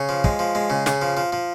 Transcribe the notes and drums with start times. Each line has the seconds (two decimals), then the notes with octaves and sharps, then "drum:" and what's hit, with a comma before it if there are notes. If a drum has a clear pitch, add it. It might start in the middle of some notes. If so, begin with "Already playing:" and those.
Already playing: C#3 C#5
0.09 F3
0.24 G#3, drum: kick
0.39 F3
0.55 G#3
0.70 C#3
0.86 C#3, drum: snare
1.02 F3
1.17 F3
1.32 F3